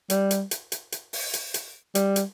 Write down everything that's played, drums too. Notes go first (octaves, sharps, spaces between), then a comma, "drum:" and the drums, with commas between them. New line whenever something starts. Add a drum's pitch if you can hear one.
G3, drum: hi-hat
drum: hi-hat
drum: hi-hat
drum: hi-hat
drum: hi-hat
drum: open hi-hat
drum: hi-hat
drum: hi-hat
G3, drum: hi-hat
drum: hi-hat